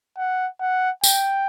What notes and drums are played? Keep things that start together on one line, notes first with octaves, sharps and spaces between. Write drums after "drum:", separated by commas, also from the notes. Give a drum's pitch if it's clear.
F#5
F#5
G5, drum: tambourine